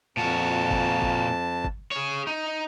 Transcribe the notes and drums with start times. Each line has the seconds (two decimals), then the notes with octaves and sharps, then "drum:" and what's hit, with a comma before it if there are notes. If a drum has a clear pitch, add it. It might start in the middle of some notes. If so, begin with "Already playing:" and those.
0.17 F2 A#2 F#4 A5
0.71 drum: kick
1.02 drum: kick
1.64 drum: kick
1.91 G#4 C#5
2.27 D#4